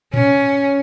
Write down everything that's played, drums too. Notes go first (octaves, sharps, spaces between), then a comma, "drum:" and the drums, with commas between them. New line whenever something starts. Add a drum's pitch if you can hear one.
C#4, drum: tom A2